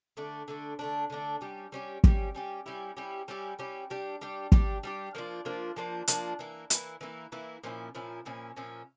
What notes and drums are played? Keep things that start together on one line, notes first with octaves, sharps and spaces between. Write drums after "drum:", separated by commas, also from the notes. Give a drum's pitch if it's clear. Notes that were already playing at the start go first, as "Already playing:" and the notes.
D3 A3 D4
D3 A3 D4
D3 A3 D4
D3 A3 D4
G3 C#4 G4
G3 C#4 G4
G3 C#4 G4, drum: kick
G3 C#4 G4
G3 C#4 E4 G4
G3 C#4 E4 G4
G3 C#4 E4 G4
G3 C#4 E4 G4
G3 D4 G4
G3 D4 G4
G3 D4 G4, drum: kick
G3 D4 G4
F3 A#3 D4 F4
F3 A#3 D4 F4
F3 A#3 D4 F4
F3 A#3 D4 F4, drum: hi-hat
E3 A#3 E4
E3 A#3 E4, drum: hi-hat
E3 A#3 E4
E3 A#3 E4
A#2 F3 C#4 E4
A#2 F3 C#4 E4
A#2 F3 C#4 E4
A#2 F3 C#4 E4